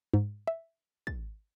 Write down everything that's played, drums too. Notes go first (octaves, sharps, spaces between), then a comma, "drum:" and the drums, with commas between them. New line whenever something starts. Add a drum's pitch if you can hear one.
G#2
E5
A6, drum: kick